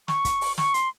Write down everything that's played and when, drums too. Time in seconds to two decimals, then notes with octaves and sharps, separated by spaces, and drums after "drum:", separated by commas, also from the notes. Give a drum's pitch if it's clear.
0.08 C#6, drum: snare
0.25 drum: kick, hi-hat
0.41 drum: open hi-hat
0.58 C#6, drum: snare
0.74 C6, drum: hi-hat